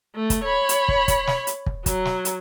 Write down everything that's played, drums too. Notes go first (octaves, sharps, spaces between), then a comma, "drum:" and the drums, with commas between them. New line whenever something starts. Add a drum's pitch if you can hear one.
A3
drum: kick, hi-hat
C#5 B5
drum: hi-hat
drum: kick
drum: kick, hi-hat
drum: snare
drum: hi-hat
drum: kick
F#3, drum: kick, hi-hat
drum: snare
drum: hi-hat